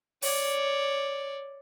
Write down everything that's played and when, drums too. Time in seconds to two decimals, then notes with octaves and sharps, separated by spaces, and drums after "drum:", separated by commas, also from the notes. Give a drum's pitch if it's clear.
0.22 C#5 D5, drum: open hi-hat